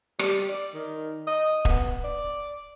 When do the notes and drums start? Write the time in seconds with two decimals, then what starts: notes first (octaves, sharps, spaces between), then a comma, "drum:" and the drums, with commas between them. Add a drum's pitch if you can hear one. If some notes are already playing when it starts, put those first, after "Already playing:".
0.19 G3, drum: rim click
0.49 D5
0.74 D#3
1.27 D#5
1.65 B3, drum: kick E1
2.04 D5